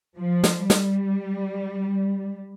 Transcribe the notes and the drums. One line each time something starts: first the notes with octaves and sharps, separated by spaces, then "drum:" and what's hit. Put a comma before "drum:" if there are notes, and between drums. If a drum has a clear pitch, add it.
F3
drum: snare
G3, drum: snare